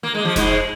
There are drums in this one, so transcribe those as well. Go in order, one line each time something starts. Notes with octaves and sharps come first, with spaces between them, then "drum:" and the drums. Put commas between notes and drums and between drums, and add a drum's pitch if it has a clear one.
A#3
G#3
F3
G#2 G#3, drum: snare F1